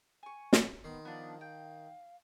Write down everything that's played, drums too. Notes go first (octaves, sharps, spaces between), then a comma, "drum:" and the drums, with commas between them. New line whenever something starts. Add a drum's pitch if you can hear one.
G#5 C#6
drum: snare
D#3 B3 C6
F3 B3 D4
F5 G5